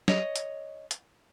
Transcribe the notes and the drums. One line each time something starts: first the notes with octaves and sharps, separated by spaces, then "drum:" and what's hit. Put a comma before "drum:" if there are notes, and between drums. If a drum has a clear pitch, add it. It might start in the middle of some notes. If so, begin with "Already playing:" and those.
C#5 D#5, drum: snare F#3
drum: hi-hat
drum: hi-hat